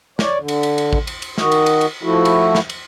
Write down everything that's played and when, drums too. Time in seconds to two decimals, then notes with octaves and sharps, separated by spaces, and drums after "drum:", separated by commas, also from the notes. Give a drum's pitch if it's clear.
0.19 C#5 D5, drum: snare
0.38 D3
0.48 drum: cymbal
0.63 drum: cymbal
0.78 drum: cymbal
0.93 drum: kick A1
1.07 drum: cymbal
1.22 drum: cymbal
1.38 D#3 F#4 D#5, drum: snare
1.52 drum: cymbal
1.66 drum: cymbal
1.81 drum: cymbal
2.03 F3 A3 E4 F#4
2.25 drum: cymbal
2.55 drum: snare
2.70 drum: cymbal